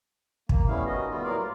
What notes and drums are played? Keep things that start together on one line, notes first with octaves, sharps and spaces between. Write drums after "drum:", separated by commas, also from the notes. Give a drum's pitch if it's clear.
A#3, drum: kick
G3 A3 B3 C#4 E4 F5
D#3 C#4 F#4 D#5
G3 A3 B3 F4
A2 F#3 A#3 A#4 D5 F5
F4